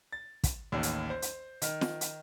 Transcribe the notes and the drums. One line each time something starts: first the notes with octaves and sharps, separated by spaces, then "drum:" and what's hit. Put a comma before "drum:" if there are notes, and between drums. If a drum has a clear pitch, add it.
A6
drum: kick, hi-hat
A1 D#2
drum: hi-hat
C5
drum: hi-hat
D#3, drum: hi-hat
drum: snare
drum: hi-hat